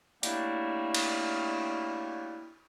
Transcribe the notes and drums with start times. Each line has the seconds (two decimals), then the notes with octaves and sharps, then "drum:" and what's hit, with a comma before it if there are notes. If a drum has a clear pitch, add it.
0.23 F#3 G3 A3 A#3 D4 E4, drum: hi-hat
0.94 drum: cymbal